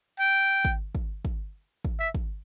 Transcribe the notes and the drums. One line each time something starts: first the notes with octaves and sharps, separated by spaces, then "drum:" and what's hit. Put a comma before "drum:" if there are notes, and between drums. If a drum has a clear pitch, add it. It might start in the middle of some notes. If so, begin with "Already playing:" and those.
G5
drum: kick
drum: kick
drum: kick
drum: kick
E5
drum: kick